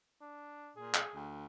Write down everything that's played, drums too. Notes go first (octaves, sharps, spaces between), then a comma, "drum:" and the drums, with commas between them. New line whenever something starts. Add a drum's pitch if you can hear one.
D4
A#2 G#4
drum: clap
D2